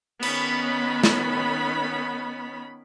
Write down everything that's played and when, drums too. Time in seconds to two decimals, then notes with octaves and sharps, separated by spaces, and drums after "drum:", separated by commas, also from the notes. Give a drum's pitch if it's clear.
0.23 D#3 B3 C#4 B5, drum: cymbal
1.04 drum: snare